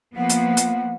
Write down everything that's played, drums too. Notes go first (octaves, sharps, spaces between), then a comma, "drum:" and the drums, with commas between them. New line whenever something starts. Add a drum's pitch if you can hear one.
F3 A#3 B3 F#5
drum: hi-hat
drum: hi-hat